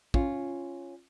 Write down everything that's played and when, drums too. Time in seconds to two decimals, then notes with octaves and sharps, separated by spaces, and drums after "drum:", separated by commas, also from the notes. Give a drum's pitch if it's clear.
0.14 C#4 F4, drum: kick